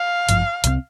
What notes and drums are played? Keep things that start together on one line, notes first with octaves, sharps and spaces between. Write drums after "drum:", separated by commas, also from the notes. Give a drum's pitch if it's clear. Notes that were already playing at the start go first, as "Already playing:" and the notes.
Already playing: F5
G#1 G2 F3, drum: hi-hat
C2 C3 G3 C4, drum: hi-hat